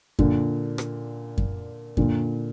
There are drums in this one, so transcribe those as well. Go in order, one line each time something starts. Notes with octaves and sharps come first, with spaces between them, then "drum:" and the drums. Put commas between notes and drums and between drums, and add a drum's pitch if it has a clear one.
A#2 D3, drum: kick F#2
drum: rim click
drum: kick F#2
A#2 D3, drum: kick F#2